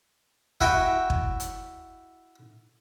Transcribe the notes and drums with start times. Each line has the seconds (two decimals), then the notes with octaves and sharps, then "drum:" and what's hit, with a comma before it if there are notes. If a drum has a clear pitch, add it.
0.61 E4 F#4 D#5 E5 G5, drum: kick
1.10 drum: kick
1.40 drum: hi-hat